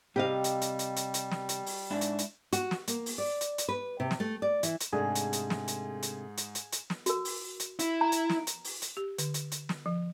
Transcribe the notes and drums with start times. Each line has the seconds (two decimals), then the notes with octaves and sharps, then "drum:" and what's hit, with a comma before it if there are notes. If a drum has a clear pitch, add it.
0.16 C3 G3 G4 D#5 F5
0.44 drum: hi-hat
0.62 drum: hi-hat
0.79 drum: hi-hat
0.97 drum: hi-hat
1.14 drum: hi-hat
1.31 drum: snare
1.49 drum: hi-hat
1.66 drum: open hi-hat
1.91 G#2 D4 E4
2.01 drum: hi-hat
2.19 drum: hi-hat
2.53 F#4, drum: hi-hat
2.71 drum: snare
2.88 A#3, drum: hi-hat
3.06 drum: open hi-hat
3.18 D5
3.41 drum: hi-hat
3.58 drum: hi-hat
3.69 B4
4.00 C3
4.11 drum: snare
4.20 A3
4.42 D5
4.63 E3, drum: hi-hat
4.80 drum: hi-hat
4.93 G#2 C3 A3 D4 G#4
5.15 drum: hi-hat
5.33 drum: hi-hat
5.50 drum: snare
5.68 drum: hi-hat
6.03 drum: hi-hat
6.38 drum: hi-hat
6.55 drum: hi-hat
6.72 drum: hi-hat
6.90 drum: snare
7.06 F#4 A#4, drum: hi-hat
7.25 drum: open hi-hat
7.60 drum: hi-hat
7.79 E4, drum: hi-hat
8.01 A#5
8.12 drum: hi-hat
8.30 drum: snare
8.47 drum: hi-hat
8.64 drum: open hi-hat
8.82 drum: hi-hat
8.97 G4
9.18 D3, drum: hi-hat
9.34 drum: hi-hat
9.52 drum: hi-hat
9.69 drum: snare
9.86 F3